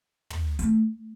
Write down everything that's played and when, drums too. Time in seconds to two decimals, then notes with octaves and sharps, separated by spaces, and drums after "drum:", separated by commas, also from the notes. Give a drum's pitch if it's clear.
0.30 drum: tom
0.59 A3, drum: hi-hat